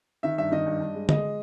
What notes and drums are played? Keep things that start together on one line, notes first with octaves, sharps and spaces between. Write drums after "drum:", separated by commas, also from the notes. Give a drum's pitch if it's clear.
D#3 E5
G2 E5
D#3 D#5
G2
G2
G#3
G#3 D#5, drum: tom D3